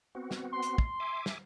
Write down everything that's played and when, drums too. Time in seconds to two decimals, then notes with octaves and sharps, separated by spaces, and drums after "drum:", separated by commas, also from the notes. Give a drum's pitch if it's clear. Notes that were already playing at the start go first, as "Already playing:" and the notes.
0.15 B3 C4 F#4
0.31 drum: snare
0.53 C6
0.62 drum: hi-hat
0.78 drum: kick
1.00 E5 G#5 D6
1.26 drum: snare